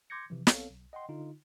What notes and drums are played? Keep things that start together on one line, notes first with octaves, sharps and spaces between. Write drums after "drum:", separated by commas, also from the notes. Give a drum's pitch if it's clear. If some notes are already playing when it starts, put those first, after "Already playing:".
C6 D6 G6 G#6 A#6 C#7
C3 E3 F3
B1 B3 C4 A4 C#5 F5, drum: snare
B1
D#5 F#5 G5 C6
D3 D#4 F4